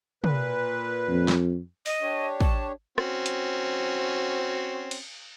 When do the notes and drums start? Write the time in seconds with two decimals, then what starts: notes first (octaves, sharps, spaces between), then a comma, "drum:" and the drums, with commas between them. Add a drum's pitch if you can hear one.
0.24 A#2 B4, drum: tom
1.09 F2
1.28 drum: snare
1.86 D#5, drum: open hi-hat
2.01 D4 G4 C#5
2.40 A5, drum: kick
2.98 C4 C#4 F#4, drum: rim click
3.26 drum: hi-hat
4.91 drum: cymbal